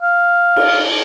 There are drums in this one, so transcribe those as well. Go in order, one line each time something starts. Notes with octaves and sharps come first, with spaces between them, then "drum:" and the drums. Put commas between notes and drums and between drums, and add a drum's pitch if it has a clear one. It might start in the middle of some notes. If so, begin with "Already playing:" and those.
F5
drum: cymbal